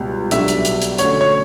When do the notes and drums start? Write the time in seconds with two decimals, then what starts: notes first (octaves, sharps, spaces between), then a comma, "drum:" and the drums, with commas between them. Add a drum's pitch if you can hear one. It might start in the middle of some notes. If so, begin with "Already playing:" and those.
Already playing: C#2 B2 G3 B3
0.31 B1 B2 G3 D4 F#4 E5, drum: hi-hat
0.48 drum: hi-hat
0.65 drum: hi-hat
0.82 drum: hi-hat
0.98 D3 A3 C#4 F#4 C#5, drum: hi-hat
1.21 C#5